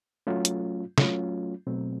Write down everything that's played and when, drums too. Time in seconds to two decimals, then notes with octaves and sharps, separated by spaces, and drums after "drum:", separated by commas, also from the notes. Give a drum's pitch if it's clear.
0.27 F#3 A3 C#4 F4
0.45 drum: hi-hat
0.98 F#3 A3 C#4 F4, drum: snare
1.67 B2 F#3 A3 C4